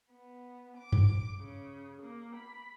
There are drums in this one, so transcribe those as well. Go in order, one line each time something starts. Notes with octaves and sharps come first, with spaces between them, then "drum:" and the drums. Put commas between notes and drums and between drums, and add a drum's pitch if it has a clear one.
B3
D6
drum: tom F#2
C#3
A#3
B5